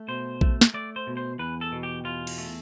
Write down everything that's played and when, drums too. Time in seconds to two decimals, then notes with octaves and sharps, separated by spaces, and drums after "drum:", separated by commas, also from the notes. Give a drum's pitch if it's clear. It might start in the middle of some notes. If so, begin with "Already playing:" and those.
Already playing: A3
0.08 B2 C5
0.41 A3, drum: kick A#1
0.61 drum: snare
0.74 A3 D5
0.96 C5
1.07 B2
1.17 C5
1.39 E2 B4
1.61 A4
1.72 B2
1.83 G4
2.05 E2 F4
2.27 drum: cymbal
2.38 A3